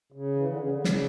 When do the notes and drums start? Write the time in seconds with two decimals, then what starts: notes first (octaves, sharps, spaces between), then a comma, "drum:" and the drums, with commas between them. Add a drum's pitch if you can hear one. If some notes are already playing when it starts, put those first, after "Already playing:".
0.12 C#3
0.36 E3
0.48 D3
0.59 C#3
0.71 D3
0.84 C#3, drum: snare